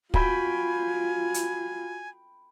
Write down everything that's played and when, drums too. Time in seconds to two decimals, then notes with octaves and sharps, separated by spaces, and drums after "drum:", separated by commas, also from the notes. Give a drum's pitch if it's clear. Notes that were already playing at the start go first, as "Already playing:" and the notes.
0.14 F4 F#4 G5 G#5 B5, drum: kick
1.34 drum: hi-hat